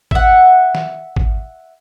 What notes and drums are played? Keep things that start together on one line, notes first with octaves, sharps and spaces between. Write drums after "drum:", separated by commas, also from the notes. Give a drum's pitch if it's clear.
E5 F#5, drum: kick G#1
drum: snare
drum: kick G#1